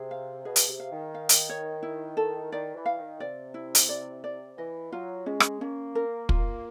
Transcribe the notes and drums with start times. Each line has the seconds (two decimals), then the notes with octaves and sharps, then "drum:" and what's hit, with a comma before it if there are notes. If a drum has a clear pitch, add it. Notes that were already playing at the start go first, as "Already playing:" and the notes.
Already playing: C3 G#4
0.11 F5
0.45 B2 G#4
0.56 drum: hi-hat
0.69 C3
0.80 F5
0.92 D#3
1.14 F5
1.29 drum: hi-hat
1.49 C#5
1.83 E4
2.17 A4
2.52 D#3 D5
2.75 E3
2.86 F5
2.98 D#3
3.20 C3 D5
3.54 E4
3.75 drum: hi-hat
3.89 D5
4.24 D5
4.58 E3 D#5
4.92 F#3 F4
5.26 G#3 C#4
5.40 drum: rim click
5.61 A#3 C#4
5.95 A#4
6.29 F4, drum: kick